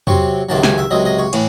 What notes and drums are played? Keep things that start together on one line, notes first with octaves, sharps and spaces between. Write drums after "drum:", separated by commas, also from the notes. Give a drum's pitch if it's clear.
C3 F#3 C4 C#6, drum: tom E2
C#2 C3 D#3 F#3 A5
G#5, drum: snare
E5
C#2 C3 F#3 D#5
D#5
C#5
A2 E3, drum: cymbal